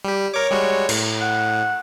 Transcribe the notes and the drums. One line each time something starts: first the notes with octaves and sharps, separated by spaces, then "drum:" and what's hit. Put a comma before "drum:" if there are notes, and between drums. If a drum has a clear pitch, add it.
G3 G4
A#4 C#5 D6
G3 G#3 F#4
A2, drum: cymbal
F#5